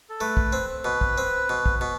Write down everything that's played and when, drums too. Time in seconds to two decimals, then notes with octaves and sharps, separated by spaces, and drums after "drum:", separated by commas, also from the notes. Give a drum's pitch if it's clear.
0.09 A4
0.21 A3 B4
0.37 drum: kick
0.53 C4
0.85 B2 B4
1.01 drum: kick
1.18 C4
1.49 B2
1.66 drum: kick
1.81 B2